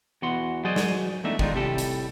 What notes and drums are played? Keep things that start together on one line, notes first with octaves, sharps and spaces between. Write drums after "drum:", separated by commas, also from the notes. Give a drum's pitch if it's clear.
E2 B3 F#4 F#5 C6
F#3 F#4 G#4 C5 D5 D#5
drum: snare
E2 A3 D4 D#4 E5
D#3 G#3 B3 D4 D#4 F4, drum: kick
A2 C3 G3 G4 A4
drum: hi-hat